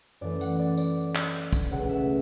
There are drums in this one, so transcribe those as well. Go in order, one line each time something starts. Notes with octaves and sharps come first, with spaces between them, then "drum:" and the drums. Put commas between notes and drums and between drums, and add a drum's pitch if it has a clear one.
F#2 E3 A3 D5
F#5, drum: tambourine
D5
D5, drum: tambourine
drum: clap
drum: kick, tambourine
C#2 B2 A3 F#5
E5